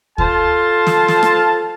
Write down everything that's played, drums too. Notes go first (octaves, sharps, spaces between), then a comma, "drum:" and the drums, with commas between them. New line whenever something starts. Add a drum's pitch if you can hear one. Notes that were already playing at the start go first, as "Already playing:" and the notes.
F4 A4 C5 A5, drum: kick D2
drum: snare
drum: snare
drum: rim click